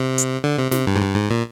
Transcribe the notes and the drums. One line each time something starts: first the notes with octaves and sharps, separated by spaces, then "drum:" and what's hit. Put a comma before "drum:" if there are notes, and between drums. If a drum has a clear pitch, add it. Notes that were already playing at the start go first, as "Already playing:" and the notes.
Already playing: C3
drum: hi-hat
D3
C3
C3, drum: snare
G2
G#2
G2
G#2
A#2